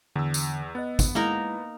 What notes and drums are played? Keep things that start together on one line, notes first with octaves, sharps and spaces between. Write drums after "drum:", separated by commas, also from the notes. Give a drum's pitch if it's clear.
E2 D3 E6
drum: tambourine
B3 D#5 F#6 A6
drum: kick, tambourine
G#3 A#3 D#4 E4 A#4